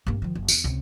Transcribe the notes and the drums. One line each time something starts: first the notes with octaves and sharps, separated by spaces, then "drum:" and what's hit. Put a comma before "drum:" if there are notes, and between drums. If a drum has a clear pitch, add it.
G2 A#3
D#3 F3
F#1
E2, drum: tambourine
C#2 C3